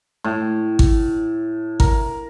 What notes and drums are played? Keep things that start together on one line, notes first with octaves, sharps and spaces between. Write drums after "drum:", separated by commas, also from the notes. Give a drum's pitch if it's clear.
A2
drum: kick G#1
A#4, drum: kick G#1